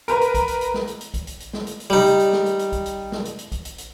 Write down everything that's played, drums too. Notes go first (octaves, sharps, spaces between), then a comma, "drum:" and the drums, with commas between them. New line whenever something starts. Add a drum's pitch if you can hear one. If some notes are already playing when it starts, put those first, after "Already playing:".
A#4 B4 A#5, drum: hi-hat
drum: hi-hat
drum: kick, hi-hat
drum: hi-hat
drum: hi-hat
drum: snare
drum: hi-hat
drum: hi-hat
drum: kick, hi-hat
drum: hi-hat
drum: hi-hat
drum: snare
drum: hi-hat
drum: hi-hat
G3 D#4
drum: hi-hat
drum: hi-hat
drum: snare
drum: hi-hat
drum: hi-hat
drum: kick, hi-hat
drum: hi-hat
drum: snare
drum: hi-hat
drum: hi-hat
drum: kick, hi-hat
drum: hi-hat
drum: hi-hat